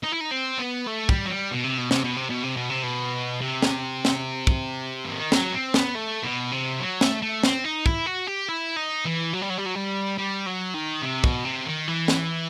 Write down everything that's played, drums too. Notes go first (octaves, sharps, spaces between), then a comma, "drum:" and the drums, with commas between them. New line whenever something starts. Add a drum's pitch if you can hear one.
D#4
E4
D#4
C4
B3
A3
G3, drum: kick
F#3
G3
B2
C3
B2
C3, drum: snare
B2
C3
B2
C3
B2
C3
B2
C3
drum: snare
drum: snare
drum: kick
E3
D#3
F#3, drum: snare
C4
B3, drum: snare
A3
B2
C3
F#3
A3, drum: snare
A3
C4, drum: snare
D#4
E4, drum: kick
F#4
G4
E4
D#4
E3
F#3
G3
F#3
G3
F#3
G3
G3
F#3
D#3
C3
B2, drum: kick
C3
D#3
E3
drum: snare